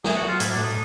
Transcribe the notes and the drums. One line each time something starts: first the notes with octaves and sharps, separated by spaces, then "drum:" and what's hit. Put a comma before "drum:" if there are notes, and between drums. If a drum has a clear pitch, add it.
F#3 G#4, drum: snare
F#4
F#3
F4
A2 E4, drum: hi-hat
D4
A2
D#4